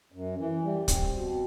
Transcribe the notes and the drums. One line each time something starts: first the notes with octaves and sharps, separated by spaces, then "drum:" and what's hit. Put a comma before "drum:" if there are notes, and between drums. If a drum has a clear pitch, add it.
F#2
E3
G3
C4, drum: kick, hi-hat
B2